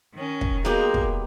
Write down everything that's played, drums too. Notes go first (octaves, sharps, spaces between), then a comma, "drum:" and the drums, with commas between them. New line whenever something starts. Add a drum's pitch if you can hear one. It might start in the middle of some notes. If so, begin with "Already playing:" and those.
D#3 C#4
drum: kick
F#3 G#3 A#3 B3 D#4 G4 G#4
drum: kick